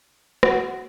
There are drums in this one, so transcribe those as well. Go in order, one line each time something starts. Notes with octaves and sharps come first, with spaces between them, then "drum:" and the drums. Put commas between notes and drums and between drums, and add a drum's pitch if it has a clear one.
F#4, drum: rim click